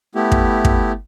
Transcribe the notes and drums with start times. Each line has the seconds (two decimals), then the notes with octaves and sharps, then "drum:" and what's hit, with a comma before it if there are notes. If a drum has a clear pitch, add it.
0.15 A3 B3 E4 G4
0.32 drum: kick
0.65 drum: kick